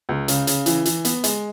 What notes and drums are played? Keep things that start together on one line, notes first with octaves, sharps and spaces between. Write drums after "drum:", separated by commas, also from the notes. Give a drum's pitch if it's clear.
C#2
C#3, drum: hi-hat
C#3, drum: hi-hat
E3, drum: hi-hat
E3, drum: hi-hat
B3, drum: hi-hat
G#3, drum: hi-hat